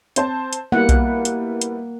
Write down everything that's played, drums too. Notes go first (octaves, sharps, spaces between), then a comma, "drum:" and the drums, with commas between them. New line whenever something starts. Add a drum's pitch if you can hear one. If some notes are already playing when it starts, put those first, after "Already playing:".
C4 C5 A5, drum: hi-hat
drum: hi-hat
G3 A#3 B3 E4 F#5
drum: kick B1, hi-hat
drum: hi-hat
drum: hi-hat